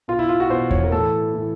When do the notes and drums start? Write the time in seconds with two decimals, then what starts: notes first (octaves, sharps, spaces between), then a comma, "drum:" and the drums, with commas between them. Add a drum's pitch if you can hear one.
0.08 B2 F4
0.19 E4
0.29 F4
0.40 F#4
0.50 B2 C5
0.71 C#5, drum: kick E2
0.84 A#4
0.91 A2 E3 A4
1.34 A2 E3